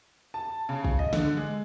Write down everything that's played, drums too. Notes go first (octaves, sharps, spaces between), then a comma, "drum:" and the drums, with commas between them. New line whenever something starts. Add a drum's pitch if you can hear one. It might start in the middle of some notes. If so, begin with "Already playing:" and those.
A5
C#3
drum: kick
D#5
D3, drum: snare
G#3